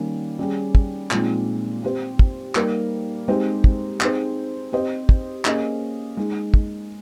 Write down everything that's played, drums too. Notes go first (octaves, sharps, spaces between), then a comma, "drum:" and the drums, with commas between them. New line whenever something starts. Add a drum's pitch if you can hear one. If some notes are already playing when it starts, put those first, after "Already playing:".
Already playing: D#3 G3 A#3 C#4
G3 C#4 G#4
drum: kick
A#2 F3 G#3 C4 D#4, drum: clap
C4 G4 C5
drum: kick
G3 A#3 D#4 A#4, drum: clap
G#3 C4 D#4 G4 C5
drum: kick
C4 D#4 G#4 C5, drum: clap
C4 G4 C5 D#5
drum: kick
A#3 C#4 G#4 D#5, drum: clap
G#3 D#4 G#4
drum: kick